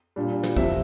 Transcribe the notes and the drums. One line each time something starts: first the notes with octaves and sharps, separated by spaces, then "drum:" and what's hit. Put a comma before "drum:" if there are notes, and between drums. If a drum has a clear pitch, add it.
A#2 G3 D4
drum: snare
F2 C3 E3 E5, drum: kick